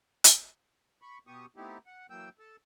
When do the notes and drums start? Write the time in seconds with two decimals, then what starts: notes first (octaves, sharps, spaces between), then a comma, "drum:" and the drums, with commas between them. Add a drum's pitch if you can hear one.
0.24 drum: hi-hat
1.02 B5 C#6
1.27 B2 B3 G4 C#6 D#6
1.57 A3 B3 C4 D#4 E4 G4
1.86 F#5
2.10 E3 F#3 A#3 G5 E6 G6
2.39 A4 A5